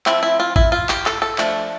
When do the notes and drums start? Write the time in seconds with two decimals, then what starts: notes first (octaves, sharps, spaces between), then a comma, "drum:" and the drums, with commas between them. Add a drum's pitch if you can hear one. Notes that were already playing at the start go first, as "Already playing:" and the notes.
0.06 F3 C4 E4, drum: clap
0.23 E4
0.40 F4
0.56 E4, drum: kick
0.72 F4
0.89 G4, drum: clap
1.06 A4, drum: clap
1.22 A4
1.38 F3 A3 D4, drum: clap